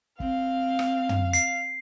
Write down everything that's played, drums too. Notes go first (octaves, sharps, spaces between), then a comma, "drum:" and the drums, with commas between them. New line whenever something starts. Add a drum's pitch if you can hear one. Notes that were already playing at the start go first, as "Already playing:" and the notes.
C4 F5, drum: kick
drum: rim click
drum: tom
C7, drum: hi-hat